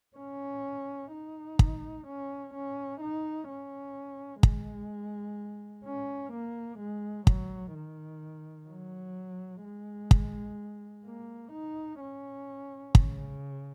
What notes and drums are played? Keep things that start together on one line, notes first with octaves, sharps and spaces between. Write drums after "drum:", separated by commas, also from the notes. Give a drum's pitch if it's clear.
C#4
D#4
drum: kick
C#4
C#4
D#4
C#4
G#3, drum: kick
C#4
A#3
G#3
F#3, drum: kick
D#3
F#3
G#3
drum: kick
A#3
D#4
C#4
C#3, drum: kick